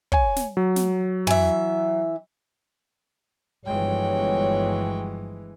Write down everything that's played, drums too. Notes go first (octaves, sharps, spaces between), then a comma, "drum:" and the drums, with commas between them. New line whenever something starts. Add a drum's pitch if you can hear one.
C#5 G#5, drum: kick
drum: snare
F#3
drum: snare
E3 E5, drum: tom
G1 E3 F3 G#3 F#4 C#5 G5